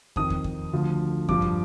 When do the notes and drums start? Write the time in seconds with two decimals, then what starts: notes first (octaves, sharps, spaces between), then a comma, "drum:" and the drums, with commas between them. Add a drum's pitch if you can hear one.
0.16 F2 D#3 D#6, drum: kick
0.30 drum: kick
0.44 drum: kick
0.73 D2 D3 F3
1.28 G2 F3 D6, drum: kick
1.42 drum: kick